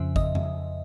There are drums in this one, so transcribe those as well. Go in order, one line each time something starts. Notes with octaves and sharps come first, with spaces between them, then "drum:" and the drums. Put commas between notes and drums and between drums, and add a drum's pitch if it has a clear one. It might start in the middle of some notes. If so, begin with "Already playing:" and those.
Already playing: F2 C#3 F3 E5
D#5, drum: kick G#1
drum: tom F2